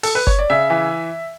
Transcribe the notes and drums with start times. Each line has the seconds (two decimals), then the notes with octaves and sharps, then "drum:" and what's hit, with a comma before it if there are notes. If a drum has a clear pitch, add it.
0.03 A4, drum: open hi-hat
0.15 B4
0.27 C#5, drum: kick F#1
0.39 D5
0.50 C#3 E5
0.70 E3